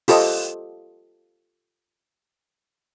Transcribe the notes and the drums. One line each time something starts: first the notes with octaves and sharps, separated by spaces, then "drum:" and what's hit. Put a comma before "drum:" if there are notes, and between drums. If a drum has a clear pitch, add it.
F4 G4 A4 C5 D#5, drum: open hi-hat